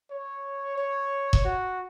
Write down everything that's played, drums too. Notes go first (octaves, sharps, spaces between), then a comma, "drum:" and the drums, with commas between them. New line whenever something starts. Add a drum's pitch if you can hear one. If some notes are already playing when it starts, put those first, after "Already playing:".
C#5
C#5
drum: kick E1
F#4